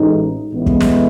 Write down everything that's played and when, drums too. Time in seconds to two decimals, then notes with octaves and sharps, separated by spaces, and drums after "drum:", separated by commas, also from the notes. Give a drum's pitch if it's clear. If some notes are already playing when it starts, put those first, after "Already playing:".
Already playing: A1 A2 G#3 D#4
0.53 A1 A2 G#3 B3 E4
0.66 drum: kick
0.80 drum: snare